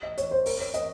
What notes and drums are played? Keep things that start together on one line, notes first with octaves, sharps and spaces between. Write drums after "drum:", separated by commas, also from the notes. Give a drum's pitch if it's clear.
D#5
C#5, drum: hi-hat
C5
A#4, drum: open hi-hat
C#5
D#5, drum: hi-hat